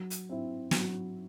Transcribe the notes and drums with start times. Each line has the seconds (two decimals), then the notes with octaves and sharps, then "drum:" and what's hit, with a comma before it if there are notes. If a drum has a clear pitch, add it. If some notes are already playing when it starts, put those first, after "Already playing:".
Already playing: F#3
0.10 drum: hi-hat
0.29 C4 E4
0.71 F#3, drum: snare